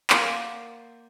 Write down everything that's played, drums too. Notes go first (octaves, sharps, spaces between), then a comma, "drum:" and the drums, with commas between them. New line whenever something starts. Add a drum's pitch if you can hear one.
A#3 C5 D5 F#5, drum: clap